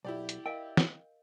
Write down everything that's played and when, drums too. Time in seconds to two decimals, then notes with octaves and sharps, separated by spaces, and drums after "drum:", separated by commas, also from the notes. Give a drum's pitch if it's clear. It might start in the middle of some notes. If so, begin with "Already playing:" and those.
0.05 B1 E4 G4 D5
0.29 drum: hi-hat
0.46 A#4 D#5 F5 G5
0.77 drum: snare